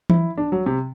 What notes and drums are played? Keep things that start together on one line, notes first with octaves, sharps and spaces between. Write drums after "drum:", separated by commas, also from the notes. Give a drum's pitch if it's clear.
E4, drum: tom E3
D4
F#3
C3